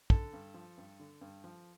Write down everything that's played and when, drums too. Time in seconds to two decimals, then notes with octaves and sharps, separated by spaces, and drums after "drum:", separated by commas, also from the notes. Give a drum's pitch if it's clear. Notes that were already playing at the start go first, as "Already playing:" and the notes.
0.10 D3 A4, drum: kick
0.33 G2
0.54 F3
0.78 G2
1.00 D3
1.21 G2
1.44 F3